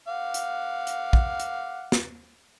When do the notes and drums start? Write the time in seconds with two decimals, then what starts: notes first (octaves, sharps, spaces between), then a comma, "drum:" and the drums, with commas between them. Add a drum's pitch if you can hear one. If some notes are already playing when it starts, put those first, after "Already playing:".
0.08 F5 F#5 D6
0.34 drum: hi-hat
0.87 drum: hi-hat
1.13 drum: kick
1.40 drum: hi-hat
1.92 drum: snare